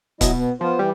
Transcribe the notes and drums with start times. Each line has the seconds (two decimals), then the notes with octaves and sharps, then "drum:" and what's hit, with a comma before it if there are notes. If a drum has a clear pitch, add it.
0.21 B2 F#3 E4 D#5, drum: kick C#1, hi-hat
0.38 B3
0.61 F3 B3 F4 C5
0.79 E3 G3 G4